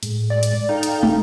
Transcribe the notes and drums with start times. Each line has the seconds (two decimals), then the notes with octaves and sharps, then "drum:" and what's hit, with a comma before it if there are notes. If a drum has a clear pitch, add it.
0.03 A2 G#3, drum: hi-hat
0.30 D5
0.43 drum: hi-hat
0.69 D#4 A4 F5 G5
0.83 drum: hi-hat
1.03 drum: tom